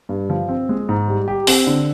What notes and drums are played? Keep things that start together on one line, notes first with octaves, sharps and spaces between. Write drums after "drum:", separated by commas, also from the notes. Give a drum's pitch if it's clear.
G2
F3
C4
G#3
G#2
G3
G4
C4, drum: open hi-hat
D3